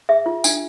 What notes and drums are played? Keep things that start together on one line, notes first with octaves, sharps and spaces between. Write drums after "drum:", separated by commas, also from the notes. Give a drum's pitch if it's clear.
G#4 E5
F4
D4 G#5, drum: tambourine